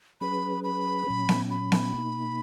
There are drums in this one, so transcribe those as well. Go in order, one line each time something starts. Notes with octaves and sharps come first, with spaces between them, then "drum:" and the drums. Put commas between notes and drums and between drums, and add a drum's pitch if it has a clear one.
F#3 C#4 G#4 B4 B5
B5
A#2 F#3 C#4
drum: snare B3
B5
drum: snare B3
B2 A#3 D#4